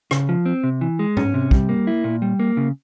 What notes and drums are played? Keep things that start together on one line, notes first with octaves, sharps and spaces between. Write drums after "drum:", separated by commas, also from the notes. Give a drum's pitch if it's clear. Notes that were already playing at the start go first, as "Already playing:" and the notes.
C#3, drum: rim click
F3
C4
C3
E3
G#3
C#4, drum: tom G#2
C3
G3, drum: kick
A#3
E4
A#2
G3
A#3
C#3